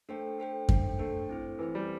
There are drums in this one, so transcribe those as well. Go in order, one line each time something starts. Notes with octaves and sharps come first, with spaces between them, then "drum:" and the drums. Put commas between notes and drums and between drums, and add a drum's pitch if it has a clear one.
A3 D4 A4 C5 G5
D4 A4 C5 G5
D4 A4 C5 G5, drum: kick F#2
A3 D4 A4 C5 G5
C4 E4 C5
E3 C4 E4 C5
G3